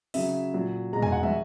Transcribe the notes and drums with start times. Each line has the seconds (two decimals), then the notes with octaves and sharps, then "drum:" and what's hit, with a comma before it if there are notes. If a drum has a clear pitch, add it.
0.14 C#3 F#3 E5, drum: open hi-hat
0.54 A#2 F#3
0.93 B2 G#3 A#5
1.02 G#5, drum: tom
1.12 F#5
1.23 E5, drum: tom